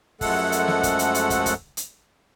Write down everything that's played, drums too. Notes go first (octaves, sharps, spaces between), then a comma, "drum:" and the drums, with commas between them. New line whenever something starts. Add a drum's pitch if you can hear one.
F#2 F3 G#3 A3 A4 F#5, drum: kick, open hi-hat
drum: hi-hat
drum: snare
drum: kick, hi-hat
drum: hi-hat
drum: hi-hat
drum: kick, hi-hat
drum: kick, hi-hat
drum: hi-hat